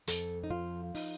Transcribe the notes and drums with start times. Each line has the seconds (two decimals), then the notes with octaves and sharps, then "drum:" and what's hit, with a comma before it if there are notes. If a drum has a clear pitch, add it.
0.07 F2 A4, drum: hi-hat
0.44 D#4
0.50 F3 F4
0.95 D#4, drum: open hi-hat